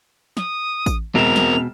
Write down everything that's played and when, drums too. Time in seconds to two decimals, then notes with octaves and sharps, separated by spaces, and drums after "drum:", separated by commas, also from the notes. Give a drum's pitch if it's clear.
0.37 D#6, drum: snare
0.86 drum: kick A1, tambourine
1.15 E1 B2 C4 A#4 E7 F7
1.36 drum: snare